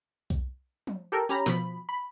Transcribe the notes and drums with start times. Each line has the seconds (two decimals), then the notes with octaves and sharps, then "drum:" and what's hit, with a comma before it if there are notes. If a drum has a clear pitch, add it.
0.30 drum: kick B1
0.87 drum: tom F3
1.12 G4 A4 A#4
1.29 C#4 G4 A#5 B5
1.46 B2 F3 B5, drum: snare
1.89 B5